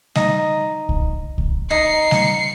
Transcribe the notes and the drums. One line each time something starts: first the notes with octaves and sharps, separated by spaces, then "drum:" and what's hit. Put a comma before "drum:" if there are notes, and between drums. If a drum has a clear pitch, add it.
D#4, drum: snare G3
drum: kick C2
drum: kick C2
D#4 C7 C#7
drum: snare G3